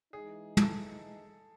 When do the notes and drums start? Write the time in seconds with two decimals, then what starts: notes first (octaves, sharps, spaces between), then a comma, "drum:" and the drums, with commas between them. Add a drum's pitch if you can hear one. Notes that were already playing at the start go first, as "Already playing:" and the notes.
0.13 E3 G#3 D#4 G#4
0.57 A4, drum: tom